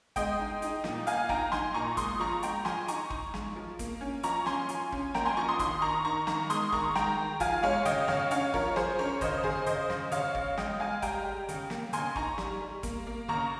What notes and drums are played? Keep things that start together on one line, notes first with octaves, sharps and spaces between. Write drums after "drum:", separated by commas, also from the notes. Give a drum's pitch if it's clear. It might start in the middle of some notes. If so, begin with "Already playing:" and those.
G#3 D#5 G5, drum: kick, hi-hat
D#4
D#4, drum: hi-hat
A#2, drum: snare
D#4 F5 G#5, drum: hi-hat
D#4 G5 A#5, drum: kick
D#4 G#5 C6, drum: snare
A#2 A#5 C#6
G#3 C6 D#6, drum: kick, hi-hat
F3 A#5 C#6
G#3 G5 A#5, drum: hi-hat
F3 G#5 C6, drum: snare
D#4 A#5 C#6, drum: hi-hat
D#4, drum: kick
G#3, drum: snare
F3
A#3, drum: kick, hi-hat
C#4
F3 A#5 C#6, drum: hi-hat
C#4 G#5 C6, drum: snare
F3, drum: hi-hat
C#4, drum: kick
A#3 G5 A#5, drum: snare
G#5 C6
F3 A#5 C#6
C6 D#6
D#3 C6 D#6, drum: kick, hi-hat
D#3 A#5 C#6
D#3 A#5 C#6
D#3 A#5 C#6, drum: snare
G#3 C6 D#6, drum: hi-hat
D#3 A#5 C#6, drum: kick
G#3 G5 A#5, drum: snare
D#3
F3 F5 G#5, drum: kick, hi-hat
G#3 C#5 F5
C#3 D#5 G5, drum: hi-hat
C#3 C#5 F5, drum: snare
C#4 C#5 F5, drum: hi-hat
F3 A#4 C#5, drum: kick
F3 G#4 C5, drum: snare
C#4 A#4 C#5
C#3 C5 D#5, drum: kick, hi-hat
C#3 G#4 C5
C#3 C5 D#5, drum: hi-hat
C#3, drum: snare
C#3 C#5 F5, drum: hi-hat
C#3, drum: kick
G#3 D#5 G5, drum: snare
G#3 F5 G#5
G3 G5 A#5, drum: kick, hi-hat
G3
C#3, drum: hi-hat
A#3, drum: snare
C#3 G#5 C6, drum: hi-hat
D#4 A#5 C#6, drum: kick
G3, drum: snare
G3
A#3, drum: kick, hi-hat
A#3
C#3 A#5 C#6